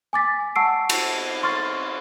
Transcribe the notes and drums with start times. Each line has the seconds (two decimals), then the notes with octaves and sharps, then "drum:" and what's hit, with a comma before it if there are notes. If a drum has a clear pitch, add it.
0.13 G#5 D6 A6 B6
0.56 F#5 A5 C#6 E6 C7 D7
0.89 drum: cymbal
1.43 C6 C#6 F6 A6